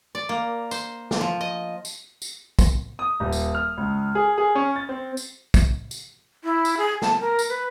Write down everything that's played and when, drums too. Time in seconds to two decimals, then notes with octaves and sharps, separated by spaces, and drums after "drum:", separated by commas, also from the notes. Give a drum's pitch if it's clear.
0.15 D5
0.29 A#3
0.71 C5, drum: tambourine
1.11 drum: snare
1.21 F3
1.41 D#5
1.85 drum: tambourine
2.22 drum: tambourine
2.59 drum: kick, tambourine
2.99 D#6
3.20 D#1
3.32 drum: tambourine
3.55 F6
3.77 C#2
4.15 G#4
4.38 G#4
4.55 C#4
4.76 A6
4.89 C4
5.17 drum: tambourine
5.54 drum: kick, tambourine
5.91 drum: tambourine
6.44 E4
6.65 drum: tambourine
6.77 G#4
7.02 A5, drum: snare
7.20 A#4
7.39 drum: tambourine
7.49 B4